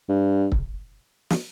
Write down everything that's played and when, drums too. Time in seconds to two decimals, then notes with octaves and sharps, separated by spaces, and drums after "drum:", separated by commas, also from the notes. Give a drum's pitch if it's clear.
0.09 G2
0.52 drum: kick
1.30 drum: snare